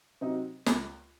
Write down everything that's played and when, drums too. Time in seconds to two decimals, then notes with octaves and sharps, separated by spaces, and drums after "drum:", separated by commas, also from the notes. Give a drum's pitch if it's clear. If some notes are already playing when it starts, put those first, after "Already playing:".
0.21 C3 F#3 C4 D#4
0.66 C#2, drum: snare